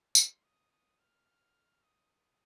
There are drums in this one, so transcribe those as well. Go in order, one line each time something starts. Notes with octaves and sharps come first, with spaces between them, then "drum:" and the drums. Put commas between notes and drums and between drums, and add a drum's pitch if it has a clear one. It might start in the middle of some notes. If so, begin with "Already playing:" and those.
C6, drum: tambourine
D#6
D#6
F6
D#6
D#6